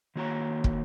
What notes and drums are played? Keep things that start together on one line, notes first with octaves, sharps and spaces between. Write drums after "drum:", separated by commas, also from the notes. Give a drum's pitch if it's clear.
D#3 A#3 F#4 C#5 A#5
drum: kick